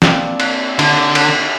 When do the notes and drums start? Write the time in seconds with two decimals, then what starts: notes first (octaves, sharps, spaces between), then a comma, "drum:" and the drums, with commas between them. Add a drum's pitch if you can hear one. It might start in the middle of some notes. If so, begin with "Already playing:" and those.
0.02 A#3 C4 D4, drum: snare
0.40 drum: cymbal
0.79 D3, drum: cymbal
1.15 drum: cymbal